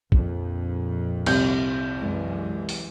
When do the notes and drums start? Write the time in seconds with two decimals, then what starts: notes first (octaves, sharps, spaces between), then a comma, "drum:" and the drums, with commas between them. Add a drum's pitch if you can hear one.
0.12 A#1 F2, drum: kick
1.26 C2 G6, drum: cymbal
1.97 F#2 E3 G#3
2.69 drum: open hi-hat